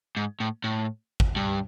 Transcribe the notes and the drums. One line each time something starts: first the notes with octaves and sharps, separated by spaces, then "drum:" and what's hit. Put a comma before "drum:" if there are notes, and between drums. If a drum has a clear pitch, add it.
G#2
A2
A2
drum: kick G#1
G2